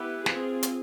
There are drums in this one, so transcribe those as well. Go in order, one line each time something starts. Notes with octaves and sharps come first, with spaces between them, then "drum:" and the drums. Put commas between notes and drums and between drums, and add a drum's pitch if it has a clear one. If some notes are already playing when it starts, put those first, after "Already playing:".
Already playing: B3 E4 G4 B4
C4 F4 G#4, drum: snare
drum: hi-hat